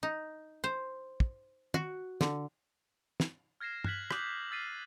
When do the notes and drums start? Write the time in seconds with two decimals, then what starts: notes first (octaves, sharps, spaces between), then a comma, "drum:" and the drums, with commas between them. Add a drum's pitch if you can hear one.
0.03 D#4
0.64 C5
1.20 drum: kick
1.74 F#4, drum: tom
2.21 D3, drum: snare
3.20 drum: snare
3.61 F6 G#6 A#6 C7 E7
3.84 F6 F#6 G#6 B6 F#7, drum: tom
4.11 D6 D#6 F#6 G6 F#7, drum: rim click
4.51 E6 F6 A6 B6 C7 D#7